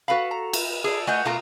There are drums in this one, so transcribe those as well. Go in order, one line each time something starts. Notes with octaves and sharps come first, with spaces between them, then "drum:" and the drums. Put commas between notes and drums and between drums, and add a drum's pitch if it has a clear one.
F#4 A4 B4 F5 B5
A#5
drum: cymbal
G#4 A4 D5
A3 D#5 F#5 G#5 G6
B2 A3 A#3 F4 A#5